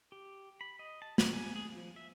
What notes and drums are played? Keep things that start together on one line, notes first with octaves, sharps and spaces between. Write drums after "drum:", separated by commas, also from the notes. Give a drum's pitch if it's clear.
G4
B5
D#5
A5
B5, drum: snare
G#5
G#4
F3
E5